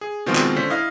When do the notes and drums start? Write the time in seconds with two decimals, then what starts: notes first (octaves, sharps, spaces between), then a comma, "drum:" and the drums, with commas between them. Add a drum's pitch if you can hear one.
0.01 G#4
0.26 B2 D#3 F3 G#3 C4 F4
0.35 drum: clap
0.56 D3 C#4 C5 B6
0.70 E4 D#5 F5